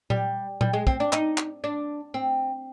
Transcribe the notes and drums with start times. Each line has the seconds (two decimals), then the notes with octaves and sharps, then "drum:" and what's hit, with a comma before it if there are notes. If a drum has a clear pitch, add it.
0.10 G3, drum: tom A#2
0.61 G3, drum: tom A#2
0.73 G#3
0.87 C4, drum: kick
1.00 D4
1.13 D#4, drum: clap
1.38 drum: clap
1.64 D4
2.14 C4